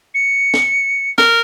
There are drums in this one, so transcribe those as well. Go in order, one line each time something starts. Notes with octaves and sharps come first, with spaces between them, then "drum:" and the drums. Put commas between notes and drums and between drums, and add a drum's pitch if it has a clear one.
C#7
drum: snare
A#4, drum: snare